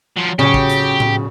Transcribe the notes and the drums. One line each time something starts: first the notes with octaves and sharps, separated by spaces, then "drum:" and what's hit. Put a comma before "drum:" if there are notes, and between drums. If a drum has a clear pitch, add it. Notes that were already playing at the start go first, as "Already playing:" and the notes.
F3 F#3
C#3 F#3 G4, drum: tom A2
drum: kick
drum: hi-hat
drum: tom A2